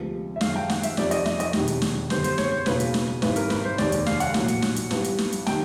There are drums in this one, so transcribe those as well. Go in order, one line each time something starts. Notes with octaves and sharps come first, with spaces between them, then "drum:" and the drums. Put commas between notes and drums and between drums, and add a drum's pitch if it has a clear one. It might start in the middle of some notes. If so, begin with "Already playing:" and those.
Already playing: D2 C3 F3 G#3 B3
E5
F#2 D#3 G#3 F5, drum: snare
G5
F#5, drum: snare
E5, drum: hi-hat
F2 C3 F3 D5, drum: snare
D#5, drum: hi-hat
E5, drum: snare
D#5, drum: hi-hat
E1 E2 C3 D#3 G3, drum: snare
drum: hi-hat
drum: snare
F#2 D3 G3 B3 C5, drum: snare
C5, drum: hi-hat
C#5, drum: snare
C5
E1 E2 C#3 F#3 A#3 B4, drum: snare
drum: hi-hat
drum: snare
G#1 G2 E3 B4, drum: snare
A#4, drum: hi-hat
B4, drum: snare
C5
F1 D#2 D#3 G#3 D5, drum: snare
drum: hi-hat
F5, drum: snare
F#5, drum: hi-hat
A#1 A2 F#3 A#3, drum: snare
drum: hi-hat
drum: snare
drum: hi-hat
G2 E3 G3 B3, drum: snare
drum: hi-hat
drum: snare
drum: hi-hat
C3 D#3 G5, drum: snare